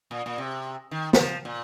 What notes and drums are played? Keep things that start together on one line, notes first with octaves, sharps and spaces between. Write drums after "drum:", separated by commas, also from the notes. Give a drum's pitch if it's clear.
A#2
A#2
C3
D#3
D#3, drum: snare
F3
A#2